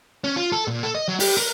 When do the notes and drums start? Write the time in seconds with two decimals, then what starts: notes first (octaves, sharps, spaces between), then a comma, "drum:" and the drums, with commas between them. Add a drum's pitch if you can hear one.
0.24 C#4
0.37 F4
0.52 A4
0.68 A#2
0.83 A4
0.95 D#5
1.08 F#3
1.20 G4, drum: open hi-hat
1.37 A#4